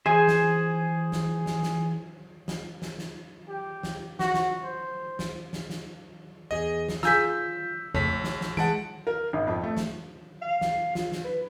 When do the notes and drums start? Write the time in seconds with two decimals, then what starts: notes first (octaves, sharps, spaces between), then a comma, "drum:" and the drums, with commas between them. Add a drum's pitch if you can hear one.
0.06 E3 G#4 C5 G#5
0.28 drum: snare
1.12 drum: snare
1.46 drum: snare
1.63 drum: snare
2.48 drum: snare
2.82 drum: snare
2.99 drum: snare
3.48 G4
3.83 drum: snare
4.19 F#4, drum: snare
4.34 drum: snare
4.64 C5
5.19 drum: snare
5.53 drum: snare
5.70 drum: snare
6.51 E2 G#4 D#5
6.89 drum: snare
7.03 F4 G#4 G#5 A#5 E6 G6 B6, drum: snare
7.95 A#1 F2 C#3 A3 C#5 B6
8.24 drum: snare
8.41 drum: snare
8.57 E3 G#3 F#5 A5 D7
9.07 A#4
9.33 G#1
9.47 F2
9.63 A3
9.77 drum: snare
10.42 F5
10.61 drum: snare
10.95 F4, drum: snare
11.12 drum: snare
11.24 B4